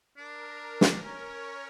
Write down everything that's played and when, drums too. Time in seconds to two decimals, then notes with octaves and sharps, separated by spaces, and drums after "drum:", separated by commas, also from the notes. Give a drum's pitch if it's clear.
0.17 D4 A#4
0.81 drum: snare
1.02 C#4 C#5